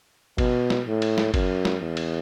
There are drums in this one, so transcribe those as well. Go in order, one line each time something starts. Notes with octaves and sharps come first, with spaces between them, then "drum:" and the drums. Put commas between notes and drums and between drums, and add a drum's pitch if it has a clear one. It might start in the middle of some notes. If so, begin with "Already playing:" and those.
B2, drum: kick G1, cymbal
drum: snare
A2
drum: cymbal
drum: snare
F#2, drum: kick G1, cymbal
drum: snare
E2
drum: cymbal